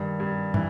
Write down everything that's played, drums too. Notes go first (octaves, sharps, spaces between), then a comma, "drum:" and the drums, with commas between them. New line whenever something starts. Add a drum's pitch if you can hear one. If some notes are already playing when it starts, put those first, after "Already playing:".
Already playing: G2 D#3
G2
E3, drum: tom